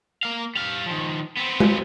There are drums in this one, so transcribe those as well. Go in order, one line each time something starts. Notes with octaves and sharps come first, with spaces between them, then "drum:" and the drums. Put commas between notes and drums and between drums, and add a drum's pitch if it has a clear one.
A#3 F5
G3 F5
D#3 F3
B3 C4
drum: tom G#3